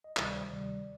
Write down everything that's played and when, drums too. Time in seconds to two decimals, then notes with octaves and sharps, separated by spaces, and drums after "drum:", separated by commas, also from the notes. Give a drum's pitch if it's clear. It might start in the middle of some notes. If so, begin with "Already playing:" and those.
0.04 D#5
0.17 D2 C3 D#3 G3 D5, drum: clap
0.34 C5
0.50 D2 C3 D#3 G3 D5